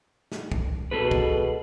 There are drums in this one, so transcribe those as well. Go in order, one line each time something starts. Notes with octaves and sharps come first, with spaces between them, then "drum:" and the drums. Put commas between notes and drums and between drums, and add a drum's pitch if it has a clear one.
drum: snare
drum: kick
B2 G#4 A4 B4
drum: kick